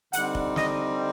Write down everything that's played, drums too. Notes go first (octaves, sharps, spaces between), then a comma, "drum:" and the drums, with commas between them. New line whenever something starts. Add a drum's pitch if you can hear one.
D3 G3 C4 D#4 F#5, drum: hi-hat
drum: kick F1
D#5, drum: snare